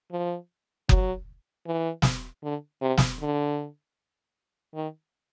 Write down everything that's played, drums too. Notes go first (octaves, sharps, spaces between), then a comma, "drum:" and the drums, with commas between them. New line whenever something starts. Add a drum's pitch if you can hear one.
F3
F#3, drum: kick F#1
E3
drum: snare
D3
C3
drum: snare
D3
D#3